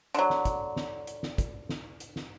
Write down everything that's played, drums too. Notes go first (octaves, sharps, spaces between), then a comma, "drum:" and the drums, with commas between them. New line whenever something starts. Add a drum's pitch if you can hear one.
D3 F#3, drum: hi-hat
drum: snare
drum: kick, hi-hat
drum: snare
drum: hi-hat
drum: snare
drum: kick, hi-hat
drum: snare
drum: hi-hat
drum: snare